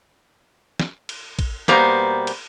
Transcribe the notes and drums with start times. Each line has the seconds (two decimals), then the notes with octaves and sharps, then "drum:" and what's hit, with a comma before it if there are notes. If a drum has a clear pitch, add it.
0.80 drum: snare
1.09 drum: cymbal
1.39 drum: kick, cymbal
1.68 B2 G3 A#3 B3 C5 A#5, drum: snare
2.27 drum: cymbal